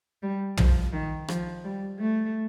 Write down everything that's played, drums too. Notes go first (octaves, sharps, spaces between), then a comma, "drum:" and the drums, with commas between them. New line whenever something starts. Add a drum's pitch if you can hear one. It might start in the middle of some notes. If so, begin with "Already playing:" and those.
G3
F3, drum: tom
D#3
F3, drum: rim click
G3
A3